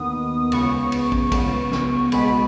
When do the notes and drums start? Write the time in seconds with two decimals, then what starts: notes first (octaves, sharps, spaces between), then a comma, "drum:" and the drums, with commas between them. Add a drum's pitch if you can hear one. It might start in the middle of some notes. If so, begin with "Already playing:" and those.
Already playing: D#2 D#3 B3 D#6
0.52 C#2 C#3 B3 C#6, drum: cymbal
0.92 drum: cymbal
1.12 drum: kick
1.32 C#2 C#3 B3, drum: kick, cymbal
1.72 drum: snare
2.12 B1 B2 G#3 B3 B5, drum: cymbal